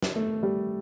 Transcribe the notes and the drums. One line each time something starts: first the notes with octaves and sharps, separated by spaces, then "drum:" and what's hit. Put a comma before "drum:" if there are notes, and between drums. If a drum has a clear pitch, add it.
drum: snare
A3
G3